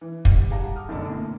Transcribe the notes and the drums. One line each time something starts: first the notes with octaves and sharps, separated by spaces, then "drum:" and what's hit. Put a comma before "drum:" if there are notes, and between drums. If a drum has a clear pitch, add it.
E3
G3, drum: kick
G4 G#4 F5 F#5 A5 A#5
D6 D#6 F6
F1 B1 F#2 D3 D4 A5
A2 A#3